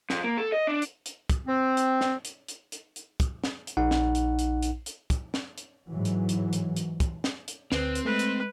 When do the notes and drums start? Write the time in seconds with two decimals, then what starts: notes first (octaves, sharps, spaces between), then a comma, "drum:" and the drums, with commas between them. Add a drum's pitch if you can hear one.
0.10 F2, drum: snare
0.24 A#3
0.38 A4
0.52 D#5
0.67 D4
0.82 drum: hi-hat
1.06 drum: hi-hat
1.30 drum: kick, hi-hat
1.47 C4
1.77 drum: hi-hat
2.01 drum: snare
2.25 drum: hi-hat
2.48 drum: hi-hat
2.72 drum: hi-hat
2.96 drum: hi-hat
3.20 drum: kick, hi-hat
3.44 drum: snare
3.67 drum: hi-hat
3.77 A#1 D#4 F#5
3.91 drum: snare
4.15 drum: hi-hat
4.39 drum: hi-hat
4.62 drum: hi-hat
4.86 drum: hi-hat
5.10 drum: kick, hi-hat
5.34 drum: snare
5.58 drum: hi-hat
5.89 G#2 E3 F#3
6.05 drum: hi-hat
6.29 drum: hi-hat
6.53 drum: hi-hat
6.76 drum: hi-hat
7.00 drum: kick, hi-hat
7.24 drum: snare
7.48 drum: hi-hat
7.72 D2 C4 B4, drum: snare
7.95 drum: hi-hat
8.05 G#3 A3 B4
8.19 drum: hi-hat